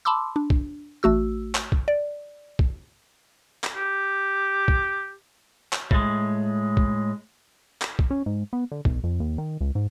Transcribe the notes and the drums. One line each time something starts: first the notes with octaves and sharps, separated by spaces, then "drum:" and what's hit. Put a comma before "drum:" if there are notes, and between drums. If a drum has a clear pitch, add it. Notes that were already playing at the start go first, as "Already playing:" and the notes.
A5 B5 C6 D6 E6
D4
drum: kick
A1 A3 F#4 E6
drum: clap
drum: kick
D5
drum: kick
drum: clap
G4
drum: kick
drum: clap
A2 G#3, drum: kick
drum: kick
drum: clap
drum: kick
C#4
G#2
B3
D3
B1, drum: kick
F2
D#2
D#3
C#2
G#2